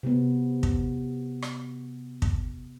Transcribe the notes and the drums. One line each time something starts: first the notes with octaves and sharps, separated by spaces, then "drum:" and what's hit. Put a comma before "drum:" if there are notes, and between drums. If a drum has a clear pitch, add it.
C3 B3
drum: kick
drum: rim click
drum: kick